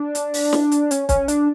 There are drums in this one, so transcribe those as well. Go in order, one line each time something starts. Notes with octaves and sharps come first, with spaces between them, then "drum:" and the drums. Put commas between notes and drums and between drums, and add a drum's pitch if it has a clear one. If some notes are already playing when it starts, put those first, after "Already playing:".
Already playing: D4
drum: hi-hat
drum: open hi-hat
drum: snare
drum: hi-hat
C#4, drum: hi-hat
C#4, drum: kick, hi-hat
D4, drum: hi-hat